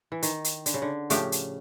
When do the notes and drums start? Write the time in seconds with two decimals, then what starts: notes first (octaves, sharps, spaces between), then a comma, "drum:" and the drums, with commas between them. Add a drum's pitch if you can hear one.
0.12 E3
0.22 D#3, drum: hi-hat
0.44 drum: hi-hat
0.66 D3, drum: hi-hat
0.74 C#3
0.82 D3
1.10 A2 C#3 F3 A3 D4 G4, drum: hi-hat
1.32 drum: hi-hat